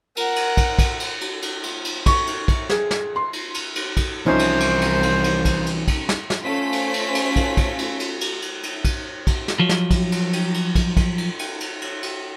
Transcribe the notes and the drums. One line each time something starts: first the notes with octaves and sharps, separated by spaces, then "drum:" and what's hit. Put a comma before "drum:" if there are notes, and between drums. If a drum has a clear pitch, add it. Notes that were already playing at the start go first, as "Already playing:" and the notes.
A#4 F#5, drum: cymbal
drum: cymbal
drum: kick, cymbal
drum: kick, cymbal
drum: cymbal
drum: cymbal
drum: cymbal
drum: cymbal
drum: cymbal
C#6, drum: kick, cymbal
drum: cymbal
drum: kick, cymbal
G#4, drum: snare
drum: snare
C6
drum: cymbal
drum: cymbal
drum: cymbal
drum: kick, cymbal
C2 E3 F3 C#4 D#4 C5 E5
drum: cymbal
drum: cymbal
drum: cymbal
drum: cymbal
drum: cymbal
drum: kick, cymbal
drum: cymbal
drum: kick, cymbal
drum: snare
drum: snare
A3 C#4 F4 C5 B6
drum: cymbal
drum: cymbal
drum: cymbal
drum: kick, cymbal
drum: kick, cymbal
drum: cymbal
drum: cymbal
drum: cymbal
drum: cymbal
drum: cymbal
drum: kick, cymbal
drum: kick, cymbal
drum: snare
F3 F#3
drum: snare
drum: kick, cymbal
drum: cymbal
drum: cymbal
drum: cymbal
drum: kick, cymbal
drum: kick, cymbal
drum: cymbal
drum: cymbal
drum: cymbal
drum: cymbal
drum: cymbal